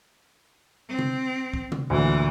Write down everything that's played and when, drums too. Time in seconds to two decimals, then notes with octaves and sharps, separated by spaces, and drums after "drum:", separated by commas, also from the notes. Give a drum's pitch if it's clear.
0.89 C4
0.99 drum: tom C3
1.54 drum: kick
1.72 drum: tom C3
1.90 D2 A#2 E3